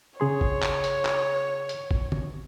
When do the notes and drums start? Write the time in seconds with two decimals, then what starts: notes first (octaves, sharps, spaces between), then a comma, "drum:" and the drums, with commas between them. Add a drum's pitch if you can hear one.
0.20 C#3 G#4 C#5 C6
0.41 drum: kick G#1
0.62 drum: clap
0.84 drum: hi-hat
1.05 drum: clap
1.69 drum: hi-hat
1.91 drum: kick G#1
2.12 drum: tom